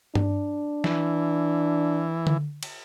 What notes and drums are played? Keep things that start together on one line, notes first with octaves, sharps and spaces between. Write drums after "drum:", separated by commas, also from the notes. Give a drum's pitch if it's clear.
D4, drum: tom G2
E3, drum: snare
drum: tom D3
drum: cymbal